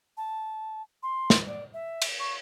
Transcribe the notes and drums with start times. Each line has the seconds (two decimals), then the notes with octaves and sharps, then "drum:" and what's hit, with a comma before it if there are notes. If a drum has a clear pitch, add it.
0.17 A5
1.03 C6
1.30 drum: snare
1.47 D5
1.74 E5
2.02 drum: cymbal
2.19 C#6